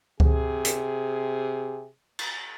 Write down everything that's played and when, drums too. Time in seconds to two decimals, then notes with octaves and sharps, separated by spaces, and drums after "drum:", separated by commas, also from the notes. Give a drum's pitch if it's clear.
0.20 C3 G#4, drum: kick C#2
0.65 drum: hi-hat
2.19 drum: cymbal